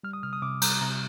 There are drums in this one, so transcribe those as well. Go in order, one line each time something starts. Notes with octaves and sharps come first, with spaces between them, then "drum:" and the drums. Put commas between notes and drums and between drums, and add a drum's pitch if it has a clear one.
G3 F6
D#6
C3 F6
D#6
C3 D6
G3 A#5, drum: cymbal
C3 A#5